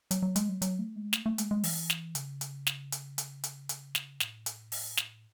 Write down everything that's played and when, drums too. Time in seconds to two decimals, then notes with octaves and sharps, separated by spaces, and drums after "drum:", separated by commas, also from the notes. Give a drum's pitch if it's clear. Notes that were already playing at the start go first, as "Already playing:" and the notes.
0.11 F#3, drum: hi-hat
0.23 F#3
0.36 G#3, drum: hi-hat
0.49 F#3
0.62 F#3, drum: hi-hat
0.79 A3
0.96 G#3
1.13 A3, drum: snare
1.26 A3
1.38 G#3, drum: hi-hat
1.51 G#3
1.64 E3, drum: open hi-hat
1.90 drum: snare
2.15 C#3, drum: hi-hat
2.41 drum: hi-hat
2.67 drum: snare
2.92 drum: hi-hat
3.18 drum: hi-hat
3.44 drum: hi-hat
3.69 drum: hi-hat
3.95 drum: snare
4.20 A2, drum: snare
4.46 drum: hi-hat
4.72 drum: open hi-hat
4.97 drum: snare